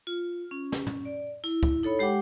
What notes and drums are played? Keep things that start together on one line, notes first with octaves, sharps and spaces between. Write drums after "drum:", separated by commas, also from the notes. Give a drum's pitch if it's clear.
F4
C#4
drum: snare
drum: tom
D5
E4, drum: tambourine
drum: kick C#2
D#4 A4 C#5 B5
G#3 G4 F#5 G5 D6